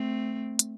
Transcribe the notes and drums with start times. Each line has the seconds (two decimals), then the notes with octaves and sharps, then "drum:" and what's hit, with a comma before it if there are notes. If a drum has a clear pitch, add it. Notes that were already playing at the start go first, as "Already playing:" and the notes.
Already playing: A3 C4
0.59 drum: hi-hat